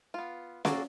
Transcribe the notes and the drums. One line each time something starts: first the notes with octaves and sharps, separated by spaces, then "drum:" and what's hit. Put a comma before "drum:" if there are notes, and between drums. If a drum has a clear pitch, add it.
B3 F4
A#3 F#4 G#4 A4 D5, drum: snare C#4